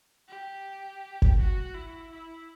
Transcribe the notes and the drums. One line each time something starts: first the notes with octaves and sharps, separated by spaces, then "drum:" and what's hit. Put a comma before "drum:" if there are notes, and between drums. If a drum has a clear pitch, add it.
G4
drum: kick G1
F#4
E4
E4